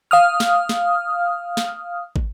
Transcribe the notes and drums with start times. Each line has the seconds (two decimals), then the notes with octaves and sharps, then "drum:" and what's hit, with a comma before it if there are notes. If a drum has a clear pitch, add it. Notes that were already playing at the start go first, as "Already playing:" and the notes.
0.11 F5 D#6 F6
0.40 drum: snare
0.69 drum: snare
1.57 drum: snare
2.16 drum: kick